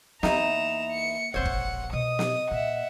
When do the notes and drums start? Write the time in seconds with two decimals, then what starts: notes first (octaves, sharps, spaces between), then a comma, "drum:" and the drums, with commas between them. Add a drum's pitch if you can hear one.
0.23 E2 A#3 D#4 E5 A#5 E7, drum: snare
0.91 C#7
1.34 E1 A#1 C3 C5 C#5 F#5 C#7
1.45 drum: kick
1.93 B2 D#5 D#6
2.19 drum: snare
2.51 A#2 E5 F#5